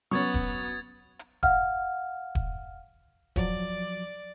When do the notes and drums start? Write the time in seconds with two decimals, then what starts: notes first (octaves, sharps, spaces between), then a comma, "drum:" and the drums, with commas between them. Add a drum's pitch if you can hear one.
0.11 F#3 B3 C#4 C#6 D#6 G#6 A6
0.34 drum: kick D#1
1.19 drum: hi-hat
1.43 F5 F#5 F6, drum: kick D#1
2.35 drum: kick D#1
3.36 F3 F#3 D5, drum: kick D#1